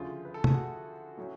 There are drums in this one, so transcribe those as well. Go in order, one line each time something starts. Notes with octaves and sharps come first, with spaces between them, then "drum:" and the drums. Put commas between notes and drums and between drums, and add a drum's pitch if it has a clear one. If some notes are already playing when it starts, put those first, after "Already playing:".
Already playing: D2 C#3 F3 F4
B4
A4
G#4, drum: tom
F#4
A2 F#3 C#4